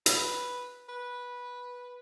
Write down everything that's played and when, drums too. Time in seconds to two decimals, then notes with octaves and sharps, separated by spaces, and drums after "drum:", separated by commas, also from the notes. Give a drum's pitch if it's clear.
0.06 B4, drum: hi-hat
0.89 B4